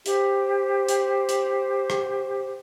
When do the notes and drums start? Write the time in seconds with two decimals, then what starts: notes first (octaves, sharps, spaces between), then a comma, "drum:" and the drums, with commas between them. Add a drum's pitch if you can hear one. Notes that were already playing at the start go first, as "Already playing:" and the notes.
0.06 G4 C5, drum: hi-hat
0.88 drum: hi-hat
1.29 drum: hi-hat
1.90 drum: rim click